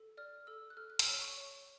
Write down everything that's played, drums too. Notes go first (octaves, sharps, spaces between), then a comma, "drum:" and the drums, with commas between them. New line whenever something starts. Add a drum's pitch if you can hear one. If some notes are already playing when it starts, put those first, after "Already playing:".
Already playing: A4
D5 F6
A4 E6
F#6
A4 F6
F6
E6, drum: hi-hat
C#5
C#6
C#5